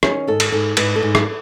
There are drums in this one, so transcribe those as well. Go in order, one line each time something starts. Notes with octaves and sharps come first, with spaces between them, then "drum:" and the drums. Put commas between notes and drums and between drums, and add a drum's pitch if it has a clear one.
D#3 C#4, drum: rim click
G#2 A4
drum: cymbal
G#2 A4
G#2 B4, drum: cymbal
A4
G#2
drum: rim click